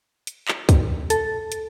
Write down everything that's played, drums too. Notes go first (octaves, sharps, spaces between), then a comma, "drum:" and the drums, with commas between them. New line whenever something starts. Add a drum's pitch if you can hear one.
drum: hi-hat
drum: clap
drum: kick, hi-hat
A4, drum: hi-hat
drum: hi-hat